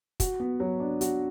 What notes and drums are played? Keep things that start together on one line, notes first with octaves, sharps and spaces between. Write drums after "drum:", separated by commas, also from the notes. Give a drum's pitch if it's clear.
F#4, drum: kick, hi-hat
B3
F#3
D4
F#4, drum: hi-hat